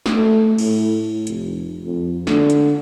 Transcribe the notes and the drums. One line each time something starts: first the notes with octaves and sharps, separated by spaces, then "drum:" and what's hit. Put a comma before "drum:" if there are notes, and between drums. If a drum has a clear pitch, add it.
drum: snare
A3
A2, drum: cymbal
F1, drum: hi-hat
F2
D3, drum: snare
drum: hi-hat